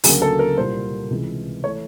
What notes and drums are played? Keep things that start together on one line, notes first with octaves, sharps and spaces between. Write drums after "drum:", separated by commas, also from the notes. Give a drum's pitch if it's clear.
D2 C#3 F#3 A#3 G#4, drum: open hi-hat
A4
A#4
C2 A#2 G3 A#3 C5
C#2 C3 E3 G#3
E3 A3 C#5